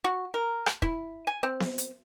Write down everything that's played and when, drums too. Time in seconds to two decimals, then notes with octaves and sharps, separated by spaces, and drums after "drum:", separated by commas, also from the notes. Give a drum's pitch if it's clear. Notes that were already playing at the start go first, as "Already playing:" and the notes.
0.04 F#4
0.34 A#4
0.66 drum: rim click
0.82 E4, drum: kick
1.27 G#5
1.43 C4
1.60 drum: snare B3
1.78 drum: hi-hat